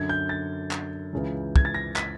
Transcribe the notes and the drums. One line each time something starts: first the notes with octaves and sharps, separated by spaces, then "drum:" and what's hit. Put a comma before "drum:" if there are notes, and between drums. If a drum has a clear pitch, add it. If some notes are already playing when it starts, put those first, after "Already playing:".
Already playing: F#2 D3 G#6
G6
A6
drum: clap
C#2 C#3 E3
G#6, drum: kick
A6
A#6
B6, drum: clap